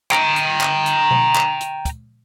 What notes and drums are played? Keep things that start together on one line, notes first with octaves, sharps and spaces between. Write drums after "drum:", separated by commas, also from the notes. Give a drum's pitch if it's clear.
G5 A#5, drum: clap
drum: hi-hat
drum: clap
drum: hi-hat
drum: tom B2
drum: clap
drum: hi-hat
drum: kick, hi-hat